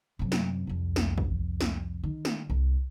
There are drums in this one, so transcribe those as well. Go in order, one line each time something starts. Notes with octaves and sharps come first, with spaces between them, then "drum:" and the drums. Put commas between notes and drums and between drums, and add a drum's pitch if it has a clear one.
F#2 C3
drum: snare
C2 F2
drum: snare
drum: kick
drum: snare
D#3
drum: snare
C2